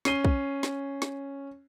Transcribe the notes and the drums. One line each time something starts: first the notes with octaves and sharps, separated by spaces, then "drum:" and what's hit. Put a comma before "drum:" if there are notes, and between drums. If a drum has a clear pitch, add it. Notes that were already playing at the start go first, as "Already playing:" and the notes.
C#4 C7 D#7 G7, drum: snare
drum: kick
drum: snare
drum: snare